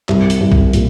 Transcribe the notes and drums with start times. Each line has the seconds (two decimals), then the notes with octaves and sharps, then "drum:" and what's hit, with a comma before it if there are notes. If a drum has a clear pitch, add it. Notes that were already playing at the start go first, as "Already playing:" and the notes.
0.09 C2, drum: clap
0.30 drum: hi-hat
0.41 C2
0.52 drum: kick
0.73 A#2, drum: hi-hat